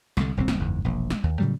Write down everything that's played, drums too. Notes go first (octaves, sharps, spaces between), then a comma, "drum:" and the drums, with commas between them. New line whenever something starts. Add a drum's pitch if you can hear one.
C2 D3, drum: snare
D#1 C2 G#2 C4
drum: snare
F#1 E2 G#2
E1 A#1
drum: snare
D#2
A2 C#3 F#3 G3